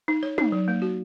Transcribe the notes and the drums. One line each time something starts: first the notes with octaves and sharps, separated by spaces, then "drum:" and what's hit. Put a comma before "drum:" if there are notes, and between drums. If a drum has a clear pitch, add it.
D#4
C#5
D#4, drum: tom
F#3
A#3
F#4